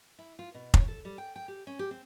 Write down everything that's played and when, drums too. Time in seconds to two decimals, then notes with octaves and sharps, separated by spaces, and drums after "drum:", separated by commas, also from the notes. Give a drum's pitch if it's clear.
0.19 E4
0.39 F4
0.54 B2
0.74 C#5, drum: kick F1
0.88 A4
1.05 G3
1.18 G5
1.36 G5
1.48 G4
1.67 C#4
1.79 G4
1.91 C4